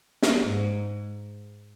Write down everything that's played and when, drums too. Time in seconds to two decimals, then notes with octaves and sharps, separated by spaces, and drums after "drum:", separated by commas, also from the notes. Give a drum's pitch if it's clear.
0.22 drum: snare
0.41 G#2